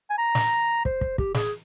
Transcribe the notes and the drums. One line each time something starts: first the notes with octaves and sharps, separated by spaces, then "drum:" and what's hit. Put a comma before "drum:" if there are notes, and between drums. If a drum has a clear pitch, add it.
G#5
A#5
drum: snare
C5, drum: kick
drum: kick
G4, drum: kick
G#4, drum: snare